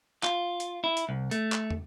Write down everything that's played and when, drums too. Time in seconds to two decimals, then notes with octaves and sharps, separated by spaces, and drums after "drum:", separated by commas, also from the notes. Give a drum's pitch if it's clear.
0.23 F4, drum: clap
0.60 drum: hi-hat
0.84 E4
0.97 drum: hi-hat
1.09 C2
1.31 A3, drum: hi-hat
1.52 drum: clap
1.70 drum: tom